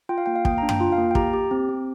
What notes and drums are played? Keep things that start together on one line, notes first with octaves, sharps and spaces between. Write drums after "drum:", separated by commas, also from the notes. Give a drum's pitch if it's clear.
F4 G5
F5
A#3 G5
F5
A#3 G5, drum: kick
D4 A#5
G5, drum: tom F#2
F4
F5
A#3
G5
G4 A#5, drum: kick
G4
C4
C4